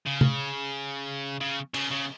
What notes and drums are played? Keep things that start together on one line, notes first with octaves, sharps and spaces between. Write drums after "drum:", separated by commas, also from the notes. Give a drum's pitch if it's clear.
C#3
drum: tom C3
C#3
C#3, drum: cymbal
C#3